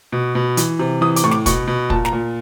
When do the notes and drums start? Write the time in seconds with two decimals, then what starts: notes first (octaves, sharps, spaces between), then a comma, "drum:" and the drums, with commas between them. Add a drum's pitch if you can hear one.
0.12 B2
0.35 B2
0.57 E3, drum: hi-hat
0.79 C3
1.01 E3 D#6
1.16 D6, drum: hi-hat
1.23 A2 C#6
1.31 D6, drum: snare
1.46 B2 C#6, drum: kick, hi-hat
1.67 B2
1.90 A#2 A5, drum: kick
2.05 A#5, drum: snare
2.13 A#2